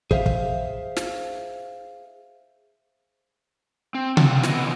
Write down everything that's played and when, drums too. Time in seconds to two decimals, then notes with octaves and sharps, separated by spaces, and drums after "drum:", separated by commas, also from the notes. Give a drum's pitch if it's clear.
0.11 G#4 C5 E5 F5, drum: kick
0.26 drum: kick
0.96 drum: snare
3.95 C4
4.17 C4 F4 F#4 A4, drum: tom C3
4.43 B3 C4 E4 F#4 D#5, drum: snare
4.61 C#3 E3 B3